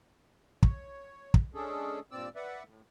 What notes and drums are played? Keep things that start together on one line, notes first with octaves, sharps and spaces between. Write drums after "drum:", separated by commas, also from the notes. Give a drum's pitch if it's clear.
C#5, drum: kick
drum: kick
G#3 C#4 D4 G#4 A4
G2 A#2 C4 D5 E6
B4 D5 E5 F#5
A2